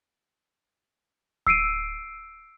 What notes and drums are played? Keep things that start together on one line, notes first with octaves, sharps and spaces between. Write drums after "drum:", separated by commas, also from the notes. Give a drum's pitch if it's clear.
E6 C7 D7 D#7, drum: kick D1